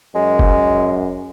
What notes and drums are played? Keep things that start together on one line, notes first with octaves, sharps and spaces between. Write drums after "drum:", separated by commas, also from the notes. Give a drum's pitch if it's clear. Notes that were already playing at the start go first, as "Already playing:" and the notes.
F#2 G#3
drum: kick F#1